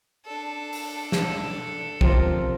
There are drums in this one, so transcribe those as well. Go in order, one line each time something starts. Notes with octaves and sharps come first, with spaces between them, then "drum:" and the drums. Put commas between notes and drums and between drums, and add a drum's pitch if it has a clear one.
D4 A4
drum: open hi-hat
drum: snare
C3 F3 A#4, drum: kick